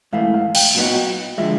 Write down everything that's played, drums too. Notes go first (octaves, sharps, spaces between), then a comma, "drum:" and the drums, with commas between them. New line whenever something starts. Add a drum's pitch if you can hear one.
G#2 E3 A3 F5
F5
G5, drum: cymbal
A#2 F#3 B3 D#4 F#4
D3 F3 G#3 E5